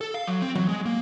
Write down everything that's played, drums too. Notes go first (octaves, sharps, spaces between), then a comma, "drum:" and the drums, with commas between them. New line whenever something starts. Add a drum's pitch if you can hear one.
A4
F5
F#3
C4
F#3, drum: tom E3
G#3
A#3